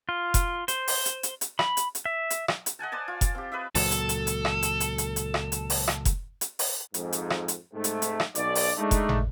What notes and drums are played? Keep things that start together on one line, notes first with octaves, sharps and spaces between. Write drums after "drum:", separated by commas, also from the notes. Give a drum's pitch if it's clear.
F4
drum: kick F1, hi-hat
C5, drum: hi-hat
drum: open hi-hat
drum: hi-hat
drum: hi-hat
drum: hi-hat
B5, drum: rim click
drum: hi-hat
drum: hi-hat
E5
drum: hi-hat
drum: rim click
drum: hi-hat
D#5 F#5 G#5 A5
C5 D5 G#5 A5
F4
A5, drum: kick F1, hi-hat
C4 G4
B4 D#5 E5
C#2 A#2 F#3 A4, drum: open hi-hat
drum: hi-hat
drum: hi-hat
drum: hi-hat
drum: rim click
drum: hi-hat
drum: hi-hat
drum: hi-hat
drum: hi-hat
drum: rim click
drum: hi-hat
drum: open hi-hat
drum: rim click
drum: kick F1, hi-hat
drum: hi-hat
drum: open hi-hat
F2 G#2, drum: hi-hat
drum: hi-hat
drum: rim click
drum: hi-hat
G#2 C3 A3
drum: hi-hat
drum: hi-hat
drum: rim click
B1 B2 D5, drum: hi-hat
drum: open hi-hat
G#3 A3 D4 D#4
drum: kick F1, hi-hat
drum: tom